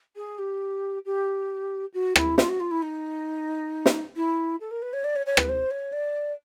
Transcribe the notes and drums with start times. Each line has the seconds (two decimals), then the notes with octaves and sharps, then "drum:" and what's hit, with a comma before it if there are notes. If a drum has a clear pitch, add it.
0.16 G#4
0.38 G4
1.05 G4
1.93 F#4
2.16 E4, drum: rim click
2.38 F4, drum: snare
2.49 F#4
2.60 F4
2.71 E4
2.82 D#4
3.86 drum: snare
4.16 E4
4.60 A4
4.71 A#4
4.82 B4
4.93 C#5
5.04 D5
5.15 C#5
5.26 C#5
5.37 B4, drum: rim click
5.48 C5
5.70 C#5
5.92 D5